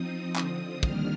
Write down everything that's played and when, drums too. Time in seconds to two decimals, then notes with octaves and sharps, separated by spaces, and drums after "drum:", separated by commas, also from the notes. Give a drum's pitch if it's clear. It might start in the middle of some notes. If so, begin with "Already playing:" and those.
Already playing: F3 C4 D#4 D#6
0.36 D3 F3 C4 D#6, drum: clap
0.83 D#3 G3 A#3 D4 F6, drum: kick